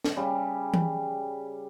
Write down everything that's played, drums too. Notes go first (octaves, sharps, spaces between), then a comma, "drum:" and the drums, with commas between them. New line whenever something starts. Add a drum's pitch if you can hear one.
drum: snare
C#3 G3
drum: tom E3